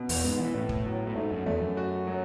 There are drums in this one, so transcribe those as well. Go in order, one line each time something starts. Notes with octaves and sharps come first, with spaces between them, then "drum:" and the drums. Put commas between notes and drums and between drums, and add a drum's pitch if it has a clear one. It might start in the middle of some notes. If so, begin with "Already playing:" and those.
Already playing: B2
E2, drum: open hi-hat
G#2 B3
E3
A2 B3
drum: kick
F#3
A2
G#2 A3
F#2
E2 A3
F#2
F#4
F#3